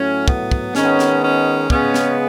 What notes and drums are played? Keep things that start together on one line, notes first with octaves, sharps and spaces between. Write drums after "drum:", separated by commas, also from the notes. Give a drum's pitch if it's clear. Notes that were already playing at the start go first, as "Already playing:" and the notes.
Already playing: A2 F#3 C#4
B3, drum: kick
drum: kick
D#3 G#3 B3 C#4, drum: snare
drum: snare
C#4
C#3 G#3 B3 C#4, drum: kick
drum: snare